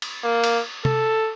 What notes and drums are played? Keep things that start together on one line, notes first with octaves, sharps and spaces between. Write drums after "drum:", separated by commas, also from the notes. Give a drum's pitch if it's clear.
drum: cymbal
A#3
drum: cymbal
A4, drum: tom C3